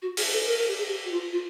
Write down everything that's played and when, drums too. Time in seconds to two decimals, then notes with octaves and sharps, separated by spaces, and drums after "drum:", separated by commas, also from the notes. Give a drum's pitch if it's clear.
0.02 F#4
0.17 G#4, drum: open hi-hat
0.32 A4
0.46 A#4
0.57 A#4
0.68 G4
0.78 G#4
0.89 G4
1.05 F#4
1.11 F4
1.32 F4